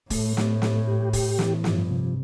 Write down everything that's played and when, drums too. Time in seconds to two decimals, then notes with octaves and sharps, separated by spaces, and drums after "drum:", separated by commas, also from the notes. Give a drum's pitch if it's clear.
0.10 A2 A3, drum: kick, open hi-hat
0.37 A3, drum: snare
0.62 A3, drum: snare
0.87 G4
1.13 G4, drum: kick, open hi-hat
1.39 E3, drum: snare
1.64 G2 F3, drum: snare
1.90 C3